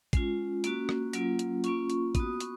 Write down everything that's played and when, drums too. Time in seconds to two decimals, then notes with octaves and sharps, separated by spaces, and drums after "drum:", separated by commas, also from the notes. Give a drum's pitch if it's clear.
0.13 G#3 C#4 F4, drum: kick, hi-hat
0.64 A#3 C#4 F#4, drum: hi-hat
0.89 drum: rim click
1.13 F#3 A#3 C#4 F4, drum: hi-hat
1.39 drum: hi-hat
1.64 A#3 C#4 F4 C#6, drum: hi-hat
1.90 drum: hi-hat
2.15 B3 D#6, drum: kick, hi-hat
2.20 F#4
2.33 D#6
2.40 C#6, drum: hi-hat